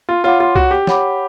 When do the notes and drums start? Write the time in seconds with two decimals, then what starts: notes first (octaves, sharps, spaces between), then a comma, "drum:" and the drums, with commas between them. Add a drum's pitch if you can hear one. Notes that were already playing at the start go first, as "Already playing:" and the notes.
0.09 F4
0.24 F4 C#5 F#5 B5 D6
0.40 F4
0.56 F#4, drum: kick C2
0.71 G4
0.87 C#5 F#5 B5 D6, drum: snare